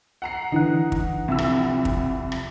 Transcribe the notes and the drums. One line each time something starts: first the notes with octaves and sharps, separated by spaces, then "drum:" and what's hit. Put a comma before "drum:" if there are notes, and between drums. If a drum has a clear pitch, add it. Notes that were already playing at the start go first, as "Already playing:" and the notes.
F#5 A#5 C7
D3 E3 D#4 F#5
drum: kick
C2 F2 E6
drum: rim click
drum: kick
drum: rim click